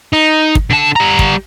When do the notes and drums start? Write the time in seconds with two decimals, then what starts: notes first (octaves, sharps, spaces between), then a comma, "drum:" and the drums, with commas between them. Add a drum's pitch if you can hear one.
0.13 D#4
0.55 drum: kick
0.70 D3 A5
0.96 G3 A#5
1.19 drum: kick